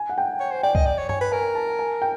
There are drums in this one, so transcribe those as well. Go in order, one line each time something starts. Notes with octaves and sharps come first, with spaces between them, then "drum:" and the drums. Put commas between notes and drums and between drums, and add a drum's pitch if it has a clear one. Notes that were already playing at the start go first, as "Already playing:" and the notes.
Already playing: G#5
F#5
G5
C#5
C5
D5 G5
D#5, drum: kick C2
D5
C#5
C#5 G#5, drum: tom G2
B4
A#4 G#5
A5
G#5
G5